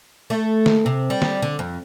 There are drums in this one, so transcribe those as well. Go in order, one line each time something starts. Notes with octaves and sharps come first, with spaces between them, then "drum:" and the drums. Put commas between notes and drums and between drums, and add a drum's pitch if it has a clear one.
A3
drum: snare
C3
G3
drum: snare
D3
F2